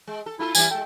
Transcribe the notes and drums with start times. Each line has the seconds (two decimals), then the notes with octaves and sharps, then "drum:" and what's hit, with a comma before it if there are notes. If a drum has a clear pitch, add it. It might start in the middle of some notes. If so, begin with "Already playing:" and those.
0.07 G#3
0.26 A4
0.39 A3 E4 F4 A4
0.55 E3 G3 E4 G#5, drum: tambourine
0.71 G#3 A4 G5